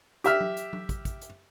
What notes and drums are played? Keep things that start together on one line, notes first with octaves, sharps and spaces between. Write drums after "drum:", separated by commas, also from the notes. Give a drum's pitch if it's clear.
G4 E5 F6, drum: hi-hat
drum: tom F#3
drum: hi-hat
drum: tom F#3
drum: kick, hi-hat
drum: kick, hi-hat
drum: hi-hat